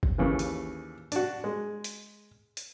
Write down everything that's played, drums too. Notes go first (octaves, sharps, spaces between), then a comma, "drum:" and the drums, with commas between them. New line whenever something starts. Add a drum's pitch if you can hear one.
drum: kick
D#2 C#3 E3
drum: hi-hat
D4 F#4, drum: hi-hat
G#3
drum: hi-hat
drum: hi-hat